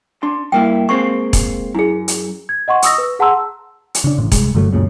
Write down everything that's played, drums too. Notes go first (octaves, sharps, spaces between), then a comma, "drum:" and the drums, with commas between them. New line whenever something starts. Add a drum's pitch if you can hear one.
D4 C6
G2 A#3 E4 G5
G#3 A#3 C4 C#6
drum: kick E1, hi-hat
F#2 E4 G#4
drum: hi-hat
G#6
D#5 F#5 C6 C#6
C#6 D#6 E6 A#6, drum: hi-hat
B4
G#4 F#5 A5 A#5 C6 E6
drum: hi-hat
C#3 D4
A1 A2
C2 G#3, drum: kick E1, hi-hat
G2 D3 F#3 A3
C#2 F#2 A#2 C#3